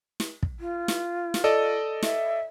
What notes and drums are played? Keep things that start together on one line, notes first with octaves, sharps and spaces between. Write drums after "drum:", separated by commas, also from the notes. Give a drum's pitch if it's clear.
drum: snare
drum: kick
F4
drum: snare
drum: snare
A4 D5 D#5
E5, drum: snare